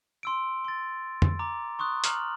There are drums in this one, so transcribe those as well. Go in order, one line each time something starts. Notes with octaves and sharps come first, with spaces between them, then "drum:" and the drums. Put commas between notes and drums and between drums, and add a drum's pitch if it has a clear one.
C6 E6 D7
C6 A6
drum: tom
A#5 D6
C6 C#6 D#6 F#6
A#5 F6 F#7, drum: hi-hat